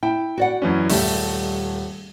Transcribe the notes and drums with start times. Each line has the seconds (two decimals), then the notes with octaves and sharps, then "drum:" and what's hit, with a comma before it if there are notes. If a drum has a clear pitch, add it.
0.03 E4 G5
0.38 F#4 D5 F#5
0.62 F#2 E3 C#4
0.90 D#1 G3 A3 E5, drum: open hi-hat